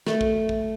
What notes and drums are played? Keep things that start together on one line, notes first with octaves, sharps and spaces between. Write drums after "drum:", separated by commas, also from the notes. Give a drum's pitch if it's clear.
A3, drum: snare
drum: kick
drum: kick